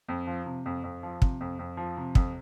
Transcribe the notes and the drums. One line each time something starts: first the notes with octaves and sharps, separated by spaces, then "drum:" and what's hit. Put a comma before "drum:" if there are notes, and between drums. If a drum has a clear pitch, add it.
F2
F3
C3
F2
F2
F3
C3, drum: kick
F2
F2
F3
C3
F2, drum: kick